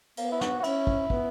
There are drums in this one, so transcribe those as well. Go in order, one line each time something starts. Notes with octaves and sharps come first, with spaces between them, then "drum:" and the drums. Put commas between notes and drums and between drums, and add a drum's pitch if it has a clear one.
A#3 B3, drum: cymbal
E4
F#4, drum: snare
F#4
C#4 E4, drum: cymbal
drum: kick
B3, drum: kick